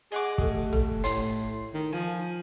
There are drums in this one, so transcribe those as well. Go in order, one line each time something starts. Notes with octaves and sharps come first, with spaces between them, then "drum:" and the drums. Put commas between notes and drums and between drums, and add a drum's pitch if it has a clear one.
G#4 D#5 F#5 D6
A3 G4 A4, drum: kick
A4, drum: tom
A2 C#5 C6, drum: hi-hat
D#3
F3 G#5